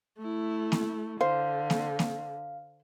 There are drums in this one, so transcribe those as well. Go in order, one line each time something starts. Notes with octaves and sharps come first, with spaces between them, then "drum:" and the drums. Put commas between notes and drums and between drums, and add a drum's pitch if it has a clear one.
A3 E4
drum: snare A#3
D3 C5 F5
drum: snare A#3
drum: snare A#3